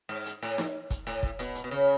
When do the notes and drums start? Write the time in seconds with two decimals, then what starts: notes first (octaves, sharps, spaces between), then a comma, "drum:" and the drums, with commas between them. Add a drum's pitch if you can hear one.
0.09 G#2
0.26 drum: hi-hat
0.43 A2, drum: hi-hat
0.58 drum: snare D#4
0.90 drum: kick, hi-hat
1.07 A2, drum: hi-hat
1.23 drum: kick
1.39 B2, drum: hi-hat
1.55 drum: hi-hat
1.64 B2
1.71 C#3